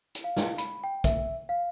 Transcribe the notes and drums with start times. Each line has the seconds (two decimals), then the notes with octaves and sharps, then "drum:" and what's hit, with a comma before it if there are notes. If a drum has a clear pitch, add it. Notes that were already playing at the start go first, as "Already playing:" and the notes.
0.15 drum: hi-hat
0.24 F5
0.37 drum: snare
0.58 B5, drum: hi-hat
0.84 G5
1.04 E5, drum: kick, hi-hat
1.49 F5